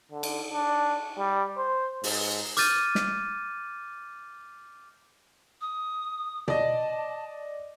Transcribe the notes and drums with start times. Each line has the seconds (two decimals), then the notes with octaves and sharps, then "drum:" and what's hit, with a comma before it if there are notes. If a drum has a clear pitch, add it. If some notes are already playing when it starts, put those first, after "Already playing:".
0.12 D3
0.23 drum: cymbal
0.51 D4
1.18 G3
1.58 C5
2.04 G#2, drum: open hi-hat
2.57 D6 F6 G6 A6 D#7, drum: hi-hat
2.95 drum: snare
5.61 D#6
6.48 D5 D#5 A5, drum: tom